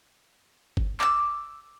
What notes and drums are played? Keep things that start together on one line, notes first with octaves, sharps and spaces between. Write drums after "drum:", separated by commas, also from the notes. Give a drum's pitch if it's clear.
drum: kick G1
D6 E6, drum: clap